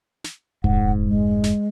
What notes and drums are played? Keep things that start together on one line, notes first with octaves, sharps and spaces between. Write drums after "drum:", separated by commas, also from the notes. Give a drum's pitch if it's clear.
drum: snare
F1 G#2 F#5, drum: kick D1
G#3
drum: snare